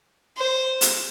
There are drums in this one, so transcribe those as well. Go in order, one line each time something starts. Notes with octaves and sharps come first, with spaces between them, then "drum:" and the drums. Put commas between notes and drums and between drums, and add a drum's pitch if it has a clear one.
C5
drum: hi-hat